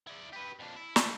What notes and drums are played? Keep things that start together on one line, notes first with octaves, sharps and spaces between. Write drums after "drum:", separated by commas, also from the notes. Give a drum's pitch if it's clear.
E4 D5
G4 B4
F2 D4
E4
G#2 A3, drum: snare